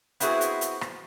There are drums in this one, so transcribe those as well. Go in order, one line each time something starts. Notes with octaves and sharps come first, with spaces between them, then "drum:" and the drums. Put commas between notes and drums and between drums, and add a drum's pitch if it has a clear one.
B3 C4 E4 F#4 G#4 B4, drum: hi-hat
drum: hi-hat
drum: hi-hat
drum: rim click